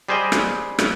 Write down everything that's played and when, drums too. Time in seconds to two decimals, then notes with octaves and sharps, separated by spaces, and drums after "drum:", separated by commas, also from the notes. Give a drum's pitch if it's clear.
0.09 G3 G#4 C5 D#5 G5
0.32 drum: rim click
0.79 drum: rim click